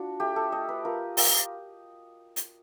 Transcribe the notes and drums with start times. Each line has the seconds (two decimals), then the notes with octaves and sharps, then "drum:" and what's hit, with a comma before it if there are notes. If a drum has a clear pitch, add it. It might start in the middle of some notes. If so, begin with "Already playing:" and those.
Already playing: D4 F4 F#4
0.20 A3 G4
0.36 A4
0.52 A3 D#5
0.69 B4
0.85 F4 A#4
1.17 F4 A#4, drum: open hi-hat
2.36 drum: hi-hat